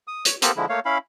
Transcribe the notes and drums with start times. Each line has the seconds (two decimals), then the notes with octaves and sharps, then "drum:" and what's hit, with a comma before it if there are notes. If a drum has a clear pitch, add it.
0.07 D#6
0.25 C#5, drum: hi-hat
0.42 A#3 B3 G4 A4 A#4 C5, drum: hi-hat
0.56 D3 F3 G#3 E4
0.69 A3 A#3 C#5 F5
0.85 C#4 E4 F5 B5